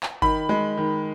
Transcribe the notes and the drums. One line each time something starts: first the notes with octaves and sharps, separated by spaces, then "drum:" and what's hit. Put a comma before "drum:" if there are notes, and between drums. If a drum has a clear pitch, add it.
drum: clap
D#3 B5, drum: kick G#1
G#3
D#3